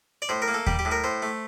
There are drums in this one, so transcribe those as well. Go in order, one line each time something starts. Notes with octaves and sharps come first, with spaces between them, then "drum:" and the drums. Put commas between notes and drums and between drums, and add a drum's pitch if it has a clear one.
D5
A2 C5
A#4
A#3
A4
G3 G4, drum: kick D#2
G4
A2
A#4
A2 C5
A3